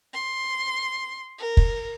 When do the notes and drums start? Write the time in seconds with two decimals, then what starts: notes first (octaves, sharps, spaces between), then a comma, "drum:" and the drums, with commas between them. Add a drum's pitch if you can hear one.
0.14 C6
1.39 A#4
1.57 drum: kick